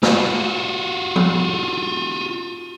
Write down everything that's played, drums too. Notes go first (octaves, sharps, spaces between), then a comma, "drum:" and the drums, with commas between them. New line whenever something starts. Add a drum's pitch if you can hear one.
F4 F#4, drum: snare
drum: tom F3